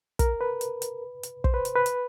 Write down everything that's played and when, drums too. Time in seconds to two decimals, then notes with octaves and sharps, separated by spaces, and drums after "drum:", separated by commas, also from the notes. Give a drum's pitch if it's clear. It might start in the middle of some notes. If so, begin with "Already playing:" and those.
0.19 A#4, drum: kick, hi-hat
0.41 B4
0.61 drum: hi-hat
0.82 drum: hi-hat
1.23 drum: hi-hat
1.44 C5, drum: kick
1.54 B4
1.65 drum: hi-hat
1.75 B4
1.86 drum: hi-hat